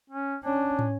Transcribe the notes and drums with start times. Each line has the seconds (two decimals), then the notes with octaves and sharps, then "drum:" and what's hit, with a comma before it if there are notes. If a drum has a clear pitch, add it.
0.10 C#4
0.44 C#4 D4
0.79 drum: tom